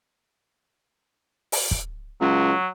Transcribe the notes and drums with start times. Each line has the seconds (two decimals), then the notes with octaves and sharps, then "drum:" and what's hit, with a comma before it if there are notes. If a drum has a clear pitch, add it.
1.52 drum: open hi-hat
1.71 drum: kick
2.21 C#2 F#3